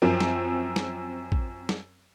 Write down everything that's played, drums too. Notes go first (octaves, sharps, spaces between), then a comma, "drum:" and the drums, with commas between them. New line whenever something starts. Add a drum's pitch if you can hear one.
F#2 F3 C4
drum: snare
drum: snare
drum: kick
drum: snare